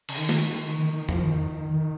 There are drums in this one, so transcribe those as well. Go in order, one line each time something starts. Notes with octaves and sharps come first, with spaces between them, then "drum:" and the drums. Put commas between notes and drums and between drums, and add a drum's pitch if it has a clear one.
C#3, drum: cymbal
D#3
drum: snare
D#3
D#3
F3, drum: tom E2
D#3
D#3